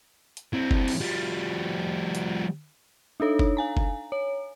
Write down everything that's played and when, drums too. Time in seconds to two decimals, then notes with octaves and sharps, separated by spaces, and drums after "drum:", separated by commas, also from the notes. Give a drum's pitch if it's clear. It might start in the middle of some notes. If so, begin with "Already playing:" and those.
0.37 drum: hi-hat
0.53 E3 C4
0.71 drum: kick F#1
0.88 drum: cymbal
1.01 F3 G3
2.15 drum: hi-hat
3.20 D4 D#4 A4 C#5
3.39 drum: kick F#1
3.57 F5 G#5 A#5
3.77 drum: kick F#1
4.12 C#5